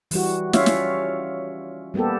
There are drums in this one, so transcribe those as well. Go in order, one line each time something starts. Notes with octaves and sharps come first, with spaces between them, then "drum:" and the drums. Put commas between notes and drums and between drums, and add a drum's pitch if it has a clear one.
E3 G3 F#4, drum: open hi-hat
G3 C#4 F4 C#5 E5 F5, drum: snare
drum: snare
G3 A#3 B3 G4 A4